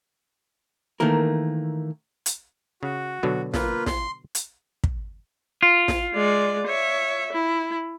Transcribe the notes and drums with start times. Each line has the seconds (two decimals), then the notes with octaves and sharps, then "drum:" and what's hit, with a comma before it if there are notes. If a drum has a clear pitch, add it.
1.00 D#3 E3 A3 A#3 A#4
2.26 drum: hi-hat
2.83 C#3 F#4
3.23 B2 D3 F#3
3.54 A#3 F4 B4, drum: snare
3.86 C6, drum: snare
4.35 drum: hi-hat
4.84 drum: kick
5.63 F4
5.88 drum: snare
6.14 G#3 D5
6.67 C#5 E5
7.33 E4